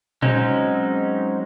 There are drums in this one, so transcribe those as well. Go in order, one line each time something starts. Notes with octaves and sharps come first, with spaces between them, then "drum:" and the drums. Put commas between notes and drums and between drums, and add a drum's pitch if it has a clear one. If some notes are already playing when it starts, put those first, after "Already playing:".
F#3 G#3 C4 C#4 D#4, drum: tom A#2